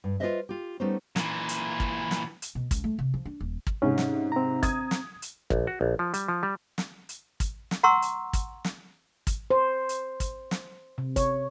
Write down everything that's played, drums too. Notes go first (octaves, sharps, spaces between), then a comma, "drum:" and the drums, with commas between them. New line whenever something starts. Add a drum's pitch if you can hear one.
G2
F4 G#4 B4 C5 D#5 E5
F4 G4
G3 A3 B3 C#4 D#4 C5
A#2 E3, drum: snare
drum: hi-hat
drum: kick
drum: snare
drum: hi-hat
B2
C#2, drum: kick, hi-hat
A3
C3
F3
D4
D#1
drum: kick
G#2 C3 C#4
drum: snare
C4 A#5
D#6 G#6, drum: kick, hi-hat
drum: snare
drum: hi-hat
A#1, drum: kick
F#4
A#1
F3
G3, drum: hi-hat
F3
G3
drum: snare
drum: hi-hat
drum: kick, hi-hat
drum: snare
F#5 A#5 C6 C#6 E6
drum: hi-hat
drum: kick, hi-hat
drum: snare
drum: kick, hi-hat
C5
drum: hi-hat
drum: kick, hi-hat
drum: snare
C3
C#5, drum: kick, hi-hat